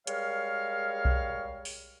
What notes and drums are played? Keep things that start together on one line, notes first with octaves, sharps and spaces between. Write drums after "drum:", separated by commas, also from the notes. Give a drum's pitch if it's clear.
G3 G#3 A#4 C#5 F5, drum: hi-hat
drum: kick B1
drum: open hi-hat